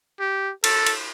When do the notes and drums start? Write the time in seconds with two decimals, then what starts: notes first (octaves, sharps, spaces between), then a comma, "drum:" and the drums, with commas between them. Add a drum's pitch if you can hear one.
0.20 G4
0.64 A4, drum: cymbal
0.87 drum: cymbal